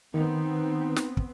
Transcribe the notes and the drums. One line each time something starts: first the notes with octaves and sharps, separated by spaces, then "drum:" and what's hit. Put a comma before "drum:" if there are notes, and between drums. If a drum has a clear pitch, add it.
D#3 B3 C4 D#4
drum: snare
drum: kick